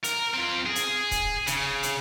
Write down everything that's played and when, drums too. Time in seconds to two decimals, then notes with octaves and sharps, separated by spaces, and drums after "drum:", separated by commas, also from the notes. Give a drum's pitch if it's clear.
0.04 A#4, drum: hi-hat
0.34 C4 F4
0.66 G#4
0.76 drum: hi-hat
1.11 drum: kick D#1, hi-hat
1.47 C#3, drum: hi-hat
1.83 drum: hi-hat